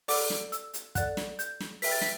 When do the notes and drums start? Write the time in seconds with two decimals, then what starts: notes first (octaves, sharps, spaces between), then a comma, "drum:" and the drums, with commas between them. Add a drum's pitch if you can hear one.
0.08 A4 D5 F#5 D6, drum: open hi-hat
0.30 drum: snare
0.52 E6, drum: hi-hat
0.74 drum: hi-hat
0.95 A4 D5 F#5 F#6, drum: kick, hi-hat
1.17 drum: snare
1.39 G6, drum: hi-hat
1.60 drum: snare
1.82 B4 E5 G5 B6, drum: open hi-hat
1.92 A6
2.01 B6, drum: snare